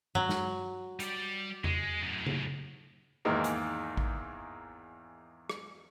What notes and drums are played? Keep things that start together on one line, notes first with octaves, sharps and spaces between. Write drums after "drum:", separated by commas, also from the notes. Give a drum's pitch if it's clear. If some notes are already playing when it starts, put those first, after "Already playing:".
F#3, drum: tom G2
drum: snare
G3 D5, drum: hi-hat
G#3, drum: tom E2
F#2 A2
drum: tom C#3
E2 G#2 D#3 G#3 A#3 D#4
drum: hi-hat
drum: kick
drum: rim click